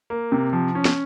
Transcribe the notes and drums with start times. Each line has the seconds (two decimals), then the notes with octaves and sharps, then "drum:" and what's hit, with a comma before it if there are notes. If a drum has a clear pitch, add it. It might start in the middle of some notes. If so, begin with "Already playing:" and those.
0.10 A#3
0.32 C3
0.53 F3
0.75 C#4
0.85 drum: snare